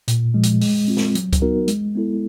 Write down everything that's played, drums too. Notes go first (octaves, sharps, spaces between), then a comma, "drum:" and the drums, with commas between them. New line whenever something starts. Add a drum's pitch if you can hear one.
A#2, drum: hi-hat
F3 G#3
drum: hi-hat
G#3, drum: open hi-hat
C4 F4
drum: snare
F#3, drum: hi-hat
drum: kick C#2, hi-hat
B3 D#4 F#4 A#4
G#3, drum: hi-hat
B3 E4 A4